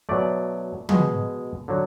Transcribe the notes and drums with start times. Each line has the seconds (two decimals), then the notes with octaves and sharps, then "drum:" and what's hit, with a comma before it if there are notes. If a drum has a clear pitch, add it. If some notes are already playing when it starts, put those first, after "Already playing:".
0.09 B2 F#3 A3 D5
0.89 B2 G#3, drum: tom
1.68 D3 F#3